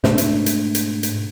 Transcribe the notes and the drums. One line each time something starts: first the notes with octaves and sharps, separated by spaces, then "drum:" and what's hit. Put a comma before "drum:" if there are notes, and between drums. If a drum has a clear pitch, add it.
G#2 B2 A3 D4, drum: snare
drum: hi-hat
drum: hi-hat
drum: hi-hat
drum: hi-hat